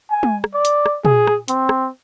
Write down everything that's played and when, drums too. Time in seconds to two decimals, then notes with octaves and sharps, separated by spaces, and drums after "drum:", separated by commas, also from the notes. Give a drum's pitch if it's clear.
0.11 G#5
0.23 drum: tom
0.44 drum: rim click
0.54 D5
0.65 drum: hi-hat
0.86 drum: rim click
1.05 G#4, drum: tom
1.27 drum: rim click
1.48 C4, drum: hi-hat
1.69 drum: rim click